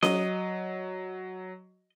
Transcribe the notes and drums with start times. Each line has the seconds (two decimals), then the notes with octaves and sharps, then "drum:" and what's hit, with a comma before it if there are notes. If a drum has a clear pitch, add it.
0.03 F#3 D#5, drum: snare C#4